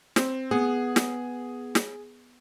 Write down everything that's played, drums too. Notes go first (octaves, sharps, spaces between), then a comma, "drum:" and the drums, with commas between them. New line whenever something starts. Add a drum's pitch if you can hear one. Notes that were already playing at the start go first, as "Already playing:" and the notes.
C4, drum: snare
B3 G#4
drum: snare
drum: snare